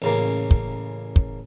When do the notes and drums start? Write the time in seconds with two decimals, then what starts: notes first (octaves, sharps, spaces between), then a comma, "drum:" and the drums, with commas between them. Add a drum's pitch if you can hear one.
0.02 A1 C#3 A#3
0.51 drum: kick
1.16 drum: kick